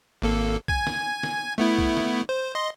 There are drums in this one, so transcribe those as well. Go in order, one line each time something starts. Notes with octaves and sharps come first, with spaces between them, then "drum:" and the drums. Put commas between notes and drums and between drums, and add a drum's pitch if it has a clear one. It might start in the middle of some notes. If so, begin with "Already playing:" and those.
G#1 A#3 A4
G#5 G#6, drum: kick
drum: snare
drum: snare
A3 B3 E4
drum: kick
drum: snare
C5
D#5 C6